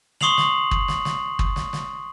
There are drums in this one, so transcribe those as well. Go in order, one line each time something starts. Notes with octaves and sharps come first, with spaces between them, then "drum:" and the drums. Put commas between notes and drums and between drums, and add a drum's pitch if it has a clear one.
C6 C#6 D#6 C7 F7 F#7, drum: snare
drum: snare
drum: kick
drum: snare
drum: snare
drum: kick
drum: snare
drum: snare